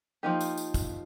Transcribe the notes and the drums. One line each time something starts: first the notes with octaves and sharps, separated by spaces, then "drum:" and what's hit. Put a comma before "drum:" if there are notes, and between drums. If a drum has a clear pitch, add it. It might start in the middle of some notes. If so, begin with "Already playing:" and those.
F3 A#3 D#4 G4
drum: tambourine
drum: tambourine
drum: kick, tambourine